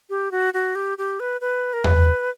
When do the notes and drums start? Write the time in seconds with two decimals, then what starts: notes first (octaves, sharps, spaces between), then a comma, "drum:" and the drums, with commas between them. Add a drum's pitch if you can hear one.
0.10 G4
0.32 F#4
0.54 F#4
0.75 G4
0.98 G4
1.20 B4
1.41 B4
1.73 A#4
1.84 B4, drum: tom E2